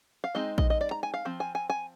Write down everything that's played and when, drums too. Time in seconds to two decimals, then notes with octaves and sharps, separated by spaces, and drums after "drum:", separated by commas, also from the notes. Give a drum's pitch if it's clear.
0.24 F5
0.35 G#3 C4 D#4 D#5
0.58 D#5, drum: kick A#1
0.70 D#5
0.81 D5
0.91 A#5
1.03 G#5
1.14 F5
1.25 F3 C4
1.40 G#5
1.55 G#5
1.70 G#5